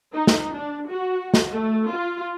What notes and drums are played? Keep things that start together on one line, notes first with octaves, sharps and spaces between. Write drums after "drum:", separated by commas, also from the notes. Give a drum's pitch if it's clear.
D#4
drum: snare
D4
F#4
drum: snare
A3
F4